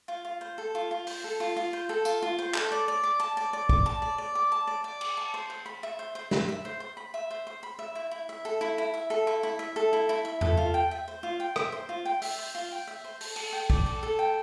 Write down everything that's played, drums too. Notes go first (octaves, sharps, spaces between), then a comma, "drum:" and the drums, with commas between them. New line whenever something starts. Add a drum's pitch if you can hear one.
F4
F4
C5
A4
F4
F4
C5, drum: open hi-hat
A4
F4
F4
C5
A4
F4, drum: tambourine
F4
C5
A4, drum: clap
D5
D5
D6
A5
D5
D5
D6, drum: kick
A5
D5
D5
D6
A5
D5
D5
D6, drum: cymbal
A5
C5
C5
B5
E5
C5
C5
B5, drum: snare
E5
C5
C5
B5
E5
C5
C5
B5
E5
E4
E4
E5
A4
E4
E4
E5
A4
E4
E4
E5
A4
E4
E4
E5
A4, drum: tom E2
F4
G5
E5
C5
F4
G5
E5, drum: rim click
C5
F4
G5
E5, drum: open hi-hat
C5
F4
G5
E5
C5
A4, drum: open hi-hat
A4, drum: cymbal
G5
D5, drum: kick
A4
A4
G5